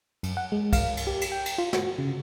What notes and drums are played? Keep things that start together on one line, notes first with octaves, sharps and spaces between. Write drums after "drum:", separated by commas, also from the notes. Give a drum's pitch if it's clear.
F#2, drum: cymbal
F#5
G#3
F5, drum: kick, cymbal
drum: cymbal
G4
drum: cymbal
G5
drum: cymbal
F4
F#4, drum: snare
C#3